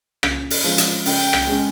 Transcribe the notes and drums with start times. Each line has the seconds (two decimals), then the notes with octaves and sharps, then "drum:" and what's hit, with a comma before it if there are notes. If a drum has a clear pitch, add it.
0.23 C#3, drum: rim click
0.50 drum: open hi-hat
0.64 F3 G#3 C#4 F4
0.78 drum: hi-hat
1.05 C#3 G5, drum: open hi-hat
1.33 drum: rim click
1.47 G#3 C#4